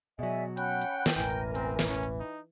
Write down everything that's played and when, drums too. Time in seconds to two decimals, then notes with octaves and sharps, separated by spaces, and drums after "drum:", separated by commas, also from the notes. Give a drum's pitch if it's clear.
0.19 B2 F#3 G#3 D5 E5 G#5
0.57 C#4 F#5 G5 B5 F#6, drum: hi-hat
0.82 drum: hi-hat
1.06 drum: snare
1.16 E1 A1 E3 A#4 G5 G#5
1.30 drum: hi-hat
1.55 C4, drum: hi-hat
1.79 drum: snare
1.88 C#4
2.03 drum: hi-hat
2.20 D#4